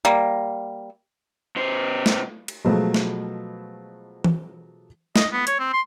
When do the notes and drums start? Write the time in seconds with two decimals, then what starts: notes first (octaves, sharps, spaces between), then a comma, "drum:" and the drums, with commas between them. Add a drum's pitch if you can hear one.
0.05 G3 A#3
1.56 B2 C5
2.06 drum: snare
2.48 drum: cymbal
2.64 B2 F3 F#3 G#3 A3
2.94 drum: snare
4.24 drum: tom E3
5.16 D#5, drum: snare
5.32 B3
5.47 C#5, drum: hi-hat
5.59 C4
5.73 C6